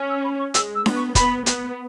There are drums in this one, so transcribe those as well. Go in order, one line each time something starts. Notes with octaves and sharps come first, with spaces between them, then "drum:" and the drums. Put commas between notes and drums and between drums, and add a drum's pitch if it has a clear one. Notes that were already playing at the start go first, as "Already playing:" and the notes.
Already playing: C#4
E6
B5
C#6
G#3 E6, drum: hi-hat
E6
B3, drum: snare D4
C#6
B3 B5, drum: kick, hi-hat
B3, drum: hi-hat